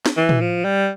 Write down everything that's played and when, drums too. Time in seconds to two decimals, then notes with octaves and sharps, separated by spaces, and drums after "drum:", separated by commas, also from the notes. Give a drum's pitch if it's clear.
0.06 drum: snare
0.17 E3
0.29 drum: tom
0.41 F3
0.65 G3